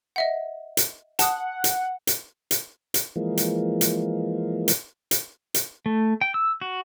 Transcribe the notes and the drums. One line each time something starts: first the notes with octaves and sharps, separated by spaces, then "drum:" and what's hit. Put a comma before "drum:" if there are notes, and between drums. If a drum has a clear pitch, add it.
D#5 E5 F#5
drum: hi-hat
F#5 A5 D#6, drum: hi-hat
drum: hi-hat
drum: hi-hat
drum: hi-hat
drum: hi-hat
E3 F3 G#3 A#3
drum: hi-hat
drum: hi-hat
drum: hi-hat
drum: hi-hat
drum: hi-hat
A3
G5
E6
F#4